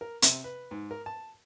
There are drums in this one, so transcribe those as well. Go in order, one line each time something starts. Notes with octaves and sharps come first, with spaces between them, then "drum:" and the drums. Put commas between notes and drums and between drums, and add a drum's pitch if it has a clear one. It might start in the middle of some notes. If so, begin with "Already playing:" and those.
A#4
C3, drum: hi-hat
B4
G#2
A#4
A5